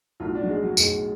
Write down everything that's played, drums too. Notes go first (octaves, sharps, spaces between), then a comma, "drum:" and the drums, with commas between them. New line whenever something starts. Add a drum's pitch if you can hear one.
B1 A2 F#3 F4
D4
F#3
G#3
F#3
B1 A2 F#3 G#3, drum: tambourine